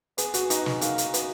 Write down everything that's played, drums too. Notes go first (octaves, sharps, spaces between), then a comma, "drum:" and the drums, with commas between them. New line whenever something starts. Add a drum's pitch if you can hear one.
B3 G#4, drum: hi-hat
F#4, drum: hi-hat
D#4, drum: hi-hat
D#4, drum: snare
A#3 D#4, drum: hi-hat
drum: hi-hat
B3, drum: hi-hat